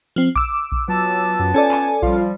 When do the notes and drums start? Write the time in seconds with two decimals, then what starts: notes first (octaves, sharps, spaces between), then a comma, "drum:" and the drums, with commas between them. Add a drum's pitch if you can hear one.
0.16 F3 C4
0.36 D6 E6, drum: kick A#1
0.72 drum: kick A#1
0.88 F#3 B3 F4 A5
1.40 F#2
1.54 C#4 A4 D5 G#5
1.71 drum: clap
2.02 F3 G3 F4, drum: kick A#1